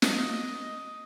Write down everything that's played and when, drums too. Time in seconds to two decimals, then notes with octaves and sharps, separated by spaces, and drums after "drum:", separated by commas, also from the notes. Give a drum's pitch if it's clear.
0.02 D#5 D#6, drum: snare